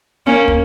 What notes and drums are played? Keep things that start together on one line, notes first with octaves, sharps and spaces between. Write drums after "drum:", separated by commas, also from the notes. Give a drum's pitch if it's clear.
A#3 C#4
drum: kick